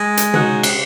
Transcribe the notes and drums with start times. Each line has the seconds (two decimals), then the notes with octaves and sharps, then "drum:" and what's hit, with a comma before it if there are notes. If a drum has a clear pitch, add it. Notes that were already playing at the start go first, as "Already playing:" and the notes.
Already playing: G#3
0.17 drum: hi-hat
0.34 C#3 D#4 F#4, drum: tom
0.63 drum: cymbal